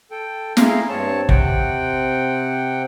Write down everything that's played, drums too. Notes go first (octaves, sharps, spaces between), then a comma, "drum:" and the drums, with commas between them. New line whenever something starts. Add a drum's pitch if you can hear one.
A4 G5
E4 G#4 F5 A#5 C6, drum: snare
G2 C4 C#5 A5
C3 C4 F#5 G5, drum: kick